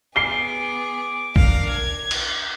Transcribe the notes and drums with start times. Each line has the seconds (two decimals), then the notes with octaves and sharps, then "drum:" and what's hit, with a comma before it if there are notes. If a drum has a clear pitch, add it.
0.16 B3 G#4 D6 C7 G7
1.36 D4 A#4 F5, drum: kick A#1
1.71 G#6
2.11 drum: cymbal